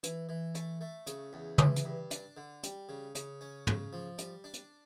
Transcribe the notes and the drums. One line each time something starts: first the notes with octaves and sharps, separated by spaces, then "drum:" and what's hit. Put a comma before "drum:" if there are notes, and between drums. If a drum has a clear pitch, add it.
E3, drum: hi-hat
E3
A3, drum: hi-hat
A3
C#3, drum: hi-hat
E2
E3, drum: tom
drum: hi-hat
G2
D4, drum: hi-hat
D3
G3, drum: hi-hat
C#3
C#3, drum: hi-hat
C#4
C#3, drum: tom
F3
G3, drum: hi-hat
D4
drum: hi-hat